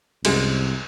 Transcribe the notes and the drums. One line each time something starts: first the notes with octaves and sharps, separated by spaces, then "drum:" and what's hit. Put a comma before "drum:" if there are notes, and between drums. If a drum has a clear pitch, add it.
C2 F#2 G#3, drum: cymbal